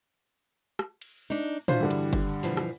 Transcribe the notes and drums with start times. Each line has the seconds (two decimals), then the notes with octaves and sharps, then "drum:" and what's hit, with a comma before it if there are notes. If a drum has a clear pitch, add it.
0.79 drum: rim click
1.01 drum: cymbal
1.30 D4 D#4
1.68 E3 D4 F4 F#4 C5, drum: tom
1.80 G2 D3 G3
1.90 drum: cymbal
2.13 drum: kick F#1, cymbal
2.43 B2 E3 F3
2.57 drum: rim click